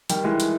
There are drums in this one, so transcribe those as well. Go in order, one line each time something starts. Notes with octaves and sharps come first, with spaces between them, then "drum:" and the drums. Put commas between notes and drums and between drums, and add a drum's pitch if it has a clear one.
D#3 G3, drum: hi-hat
E3 G#3
drum: hi-hat